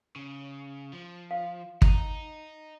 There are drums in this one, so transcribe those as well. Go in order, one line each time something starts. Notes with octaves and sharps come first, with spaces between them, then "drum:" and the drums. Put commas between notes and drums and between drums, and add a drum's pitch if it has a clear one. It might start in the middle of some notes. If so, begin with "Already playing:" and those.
C#3
F3
F5
D#5 A#5, drum: kick